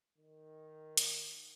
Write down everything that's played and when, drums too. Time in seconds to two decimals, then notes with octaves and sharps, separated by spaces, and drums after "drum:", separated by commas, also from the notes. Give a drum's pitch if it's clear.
0.18 D#3
0.97 drum: hi-hat